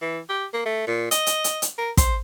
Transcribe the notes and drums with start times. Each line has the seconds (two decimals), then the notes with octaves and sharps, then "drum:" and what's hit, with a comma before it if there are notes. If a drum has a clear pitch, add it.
0.02 E3
0.29 G4
0.54 A#3
0.66 A3
0.87 A#2
1.11 D#5, drum: hi-hat
1.27 drum: hi-hat
1.44 drum: hi-hat
1.62 drum: hi-hat
1.78 A#4
1.97 C5, drum: kick, hi-hat